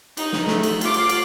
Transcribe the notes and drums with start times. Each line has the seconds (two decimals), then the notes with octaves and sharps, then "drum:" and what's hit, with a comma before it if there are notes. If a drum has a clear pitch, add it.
0.17 D#4, drum: cymbal
0.33 drum: snare
0.47 A3, drum: snare
0.63 drum: cymbal
0.81 F4 D6, drum: cymbal
0.94 drum: cymbal
1.09 drum: cymbal